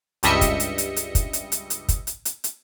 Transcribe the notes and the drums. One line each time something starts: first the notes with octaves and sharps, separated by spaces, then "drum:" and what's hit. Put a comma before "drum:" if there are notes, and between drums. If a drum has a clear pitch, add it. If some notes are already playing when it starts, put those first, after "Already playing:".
C#2 G2 G3 D#5 E5 C#7, drum: hi-hat
drum: kick, hi-hat
drum: hi-hat
drum: hi-hat
drum: hi-hat
drum: kick, hi-hat
drum: hi-hat
drum: hi-hat
drum: hi-hat
drum: kick, hi-hat
drum: hi-hat
drum: hi-hat
drum: hi-hat